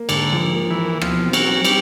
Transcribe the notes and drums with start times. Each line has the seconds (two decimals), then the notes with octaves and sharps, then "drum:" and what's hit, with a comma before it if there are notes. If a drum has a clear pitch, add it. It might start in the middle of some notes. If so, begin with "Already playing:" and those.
Already playing: A#3
0.09 G#2 D3, drum: cymbal
0.32 F3
0.55 A#3
0.70 E3
0.78 A#3
1.01 B2 F3, drum: rim click
1.26 C4
1.33 F#3, drum: cymbal
1.49 C4
1.65 G3, drum: cymbal